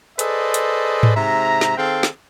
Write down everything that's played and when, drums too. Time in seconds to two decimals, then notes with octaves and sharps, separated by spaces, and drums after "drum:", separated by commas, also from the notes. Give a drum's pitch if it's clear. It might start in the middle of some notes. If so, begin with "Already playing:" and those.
0.19 G#4 A4 B4 C5 D5 D#5, drum: hi-hat
0.54 drum: hi-hat
1.03 drum: tom G#2
1.17 G#2 C3 E5 A#5
1.61 drum: snare
1.78 D#3 C4 G#4 A4 F5 G5
2.03 drum: snare